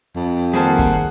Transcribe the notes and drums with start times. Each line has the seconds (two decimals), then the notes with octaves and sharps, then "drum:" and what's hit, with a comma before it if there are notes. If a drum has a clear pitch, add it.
0.15 F2
0.54 D#3 G3 A#3 G#4 C5 F5 F#5 A5, drum: hi-hat
0.79 drum: kick, hi-hat